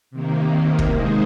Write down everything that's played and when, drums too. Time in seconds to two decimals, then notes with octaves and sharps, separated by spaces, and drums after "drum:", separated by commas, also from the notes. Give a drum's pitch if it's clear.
0.11 C3 D#3 A#3
0.79 drum: kick
0.90 G#3 D#4 G#4 C5